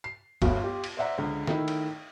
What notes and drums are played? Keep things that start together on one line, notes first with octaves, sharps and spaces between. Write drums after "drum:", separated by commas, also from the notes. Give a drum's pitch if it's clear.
C7
G1 D2 B3 F#4 F5, drum: kick G1, cymbal
F4 G4
drum: cymbal
C5 D5 E5 F#5 A#5
C#2 D3
D#3 A3 D#4 E4, drum: snare
drum: cymbal